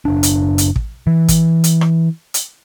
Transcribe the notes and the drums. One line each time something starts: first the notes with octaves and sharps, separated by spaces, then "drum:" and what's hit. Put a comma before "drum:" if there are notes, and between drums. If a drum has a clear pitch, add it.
F#1 D4
drum: hi-hat
drum: hi-hat
drum: kick
E3
drum: kick, hi-hat
drum: hi-hat
drum: rim click
drum: hi-hat